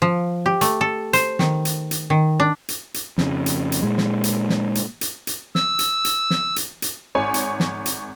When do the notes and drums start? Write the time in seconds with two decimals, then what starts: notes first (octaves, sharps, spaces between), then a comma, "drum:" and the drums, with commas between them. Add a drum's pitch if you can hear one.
0.02 F3
0.46 G4
0.61 A3, drum: hi-hat
0.81 A4
1.13 C5, drum: hi-hat
1.39 D#3, drum: snare
1.65 drum: hi-hat
1.91 drum: hi-hat
2.10 D#3
2.40 D4
2.68 drum: hi-hat
2.94 drum: hi-hat
3.18 F2 C#3, drum: snare
3.46 drum: hi-hat
3.72 drum: hi-hat
3.83 A#2 G#3
3.98 drum: snare
4.24 drum: hi-hat
4.49 drum: snare
4.75 drum: hi-hat
5.01 drum: hi-hat
5.27 drum: hi-hat
5.55 E6, drum: snare
5.79 drum: hi-hat
6.05 drum: hi-hat
6.30 drum: snare
6.56 drum: hi-hat
6.82 drum: hi-hat
7.15 G#1 C#5 G#5
7.34 drum: hi-hat
7.60 drum: snare
7.86 drum: hi-hat